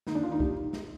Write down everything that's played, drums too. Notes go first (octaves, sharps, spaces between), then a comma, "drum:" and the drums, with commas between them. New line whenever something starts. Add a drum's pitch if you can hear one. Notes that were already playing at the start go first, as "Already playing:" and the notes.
D#2 D#4, drum: snare
D4
D#2 F4
D#4
G4, drum: kick
drum: snare